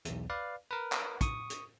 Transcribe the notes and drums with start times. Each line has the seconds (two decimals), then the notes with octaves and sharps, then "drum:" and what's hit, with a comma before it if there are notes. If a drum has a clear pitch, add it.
0.05 B1 E2, drum: hi-hat
0.30 B4 D5 F5
0.71 A#4 B4
0.92 drum: clap
1.21 C#6 D#6, drum: kick, hi-hat
1.50 drum: hi-hat